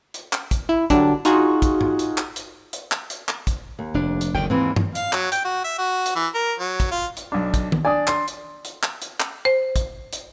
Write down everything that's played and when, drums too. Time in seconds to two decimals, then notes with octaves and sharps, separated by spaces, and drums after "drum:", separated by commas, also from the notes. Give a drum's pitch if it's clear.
0.14 drum: hi-hat
0.33 drum: clap
0.51 drum: kick, hi-hat
0.69 E4
0.90 D3 F#3 G3 D4, drum: kick, hi-hat
1.25 D#4 F4 F#4 G#4, drum: hi-hat
1.62 drum: kick, hi-hat
1.81 drum: tom G#2
1.99 drum: hi-hat
2.18 drum: clap
2.36 drum: hi-hat
2.73 drum: hi-hat
2.92 drum: clap
3.10 drum: hi-hat
3.29 drum: clap
3.47 drum: kick, hi-hat
3.79 D#2
3.94 F1 D4
4.21 drum: hi-hat
4.35 F#1 D2 D#3 G5
4.50 D#2 G#2 E3 C4
4.76 drum: tom G2
4.95 F5, drum: hi-hat
5.13 F#3, drum: clap
5.32 G5, drum: hi-hat
5.45 F#4
5.65 E5
5.78 F#4
6.06 drum: hi-hat
6.15 E3
6.35 A#4
6.60 F#3
6.80 drum: kick, hi-hat
6.91 F4
7.17 drum: hi-hat
7.32 B1 D4
7.54 drum: kick, hi-hat
7.72 drum: tom
7.85 D4 D5 G#5 D#6
8.07 C6, drum: clap
8.28 drum: hi-hat
8.65 drum: hi-hat
8.83 drum: clap
9.02 drum: hi-hat
9.20 drum: clap
9.45 C5
9.76 drum: kick, hi-hat
10.13 drum: hi-hat